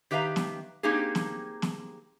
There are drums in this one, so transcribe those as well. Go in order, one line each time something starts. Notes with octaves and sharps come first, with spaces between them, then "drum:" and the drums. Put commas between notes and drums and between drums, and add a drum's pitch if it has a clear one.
D#3 G4 B4 E5 F5 A#5
drum: snare
A#3 C4 D#4 G4 G#4
drum: snare
drum: snare